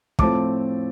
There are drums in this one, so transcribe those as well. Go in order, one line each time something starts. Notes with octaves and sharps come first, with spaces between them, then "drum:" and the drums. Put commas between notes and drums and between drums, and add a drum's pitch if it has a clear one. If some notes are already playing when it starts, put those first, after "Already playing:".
A2 F3 A3 C4 A5 D6, drum: kick